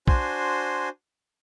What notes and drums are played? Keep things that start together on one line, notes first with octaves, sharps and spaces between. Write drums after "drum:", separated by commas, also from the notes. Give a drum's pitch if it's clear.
D4 F#4 C5 G#5 C6, drum: kick B1